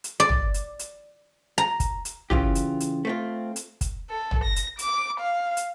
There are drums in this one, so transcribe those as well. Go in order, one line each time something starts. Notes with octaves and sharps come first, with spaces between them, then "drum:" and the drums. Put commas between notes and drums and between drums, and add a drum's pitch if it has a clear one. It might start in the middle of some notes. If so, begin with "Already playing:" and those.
drum: hi-hat
D5
drum: tom
drum: hi-hat
drum: hi-hat
A#5
drum: kick, hi-hat
drum: hi-hat
C#3 E3 F4 G4, drum: tom
drum: hi-hat
drum: hi-hat
A3 C4 F4
drum: hi-hat
drum: kick, hi-hat
A4
drum: tom
A#6
drum: hi-hat
D6, drum: hi-hat
F5
drum: hi-hat